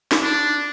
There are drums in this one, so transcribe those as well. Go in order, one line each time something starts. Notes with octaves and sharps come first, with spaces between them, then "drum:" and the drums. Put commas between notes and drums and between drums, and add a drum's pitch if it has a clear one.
drum: snare
D4